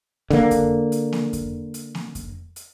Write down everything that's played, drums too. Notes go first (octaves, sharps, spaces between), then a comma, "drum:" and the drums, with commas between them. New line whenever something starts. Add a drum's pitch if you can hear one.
D3 A#3, drum: snare A#3
drum: kick F2, hi-hat
drum: hi-hat
drum: snare A#3
drum: kick F2, hi-hat
drum: hi-hat
drum: snare A#3
drum: kick F2, hi-hat
drum: hi-hat